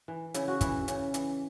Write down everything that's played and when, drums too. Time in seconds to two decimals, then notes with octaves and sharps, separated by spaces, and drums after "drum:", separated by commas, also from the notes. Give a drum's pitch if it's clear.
0.08 E3
0.34 C#3 E4, drum: hi-hat
0.48 F#4
0.61 E3 E4, drum: kick, hi-hat
0.88 C#3, drum: hi-hat
1.14 E3, drum: hi-hat